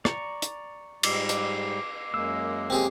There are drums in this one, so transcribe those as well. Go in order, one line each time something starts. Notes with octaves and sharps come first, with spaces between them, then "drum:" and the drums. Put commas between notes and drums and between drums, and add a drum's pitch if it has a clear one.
D5 A#5 C#6, drum: rim click
drum: hi-hat
G#2 G3 D6 C7, drum: cymbal
drum: hi-hat
F#2 G#3 A#3 E6
C4 G4 G#4